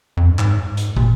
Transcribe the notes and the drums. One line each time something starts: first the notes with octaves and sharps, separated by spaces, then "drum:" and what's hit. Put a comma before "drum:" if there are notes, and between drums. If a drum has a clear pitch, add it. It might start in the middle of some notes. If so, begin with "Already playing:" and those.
F2
G2
G#2, drum: clap
drum: hi-hat
A#2, drum: kick